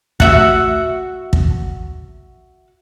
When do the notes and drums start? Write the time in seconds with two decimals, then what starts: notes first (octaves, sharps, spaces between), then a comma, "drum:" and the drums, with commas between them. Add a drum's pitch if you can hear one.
0.20 F#4 E5, drum: kick
1.33 drum: kick